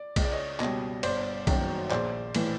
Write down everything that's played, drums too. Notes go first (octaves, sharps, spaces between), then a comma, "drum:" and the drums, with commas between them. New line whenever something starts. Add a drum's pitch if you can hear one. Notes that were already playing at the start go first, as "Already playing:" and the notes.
Already playing: D5
C#2 D#5, drum: kick B1, cymbal
D5
C#5 D#5
B2 G3 C#5 D#5, drum: clap
G1 C5 D5, drum: cymbal
F#2 D#3 F#3, drum: kick B1, cymbal
A#1 C5 D5, drum: clap
A2 E3, drum: cymbal